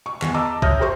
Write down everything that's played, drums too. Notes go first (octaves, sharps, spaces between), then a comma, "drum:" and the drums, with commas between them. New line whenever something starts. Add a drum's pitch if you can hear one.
C#6
E2, drum: clap
D#5 A5 A#5 D6 E6
C#5 E5 D#6 F6 G6 A#6, drum: kick B1
G4 A4 C5 C6 C#6